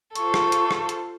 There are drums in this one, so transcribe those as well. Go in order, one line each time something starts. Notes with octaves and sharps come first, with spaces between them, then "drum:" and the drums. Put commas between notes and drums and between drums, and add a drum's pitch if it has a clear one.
F4 A4 C5 C#6, drum: hi-hat
drum: rim click
drum: hi-hat
drum: rim click
drum: hi-hat